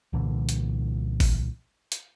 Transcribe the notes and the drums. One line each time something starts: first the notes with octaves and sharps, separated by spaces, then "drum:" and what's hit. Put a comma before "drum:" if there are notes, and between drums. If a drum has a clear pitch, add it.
C2 A#2 D3 E3
drum: hi-hat
drum: kick A1, open hi-hat
drum: hi-hat